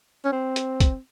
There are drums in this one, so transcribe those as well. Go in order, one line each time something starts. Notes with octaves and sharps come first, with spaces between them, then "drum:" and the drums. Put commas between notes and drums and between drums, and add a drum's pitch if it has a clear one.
C#4
C4
drum: hi-hat
drum: kick, hi-hat